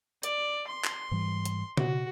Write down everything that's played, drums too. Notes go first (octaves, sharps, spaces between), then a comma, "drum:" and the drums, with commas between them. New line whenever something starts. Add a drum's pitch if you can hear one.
D5, drum: hi-hat
C6
drum: clap
G#2 E3 G3
drum: hi-hat
B2 F#4, drum: tom C#3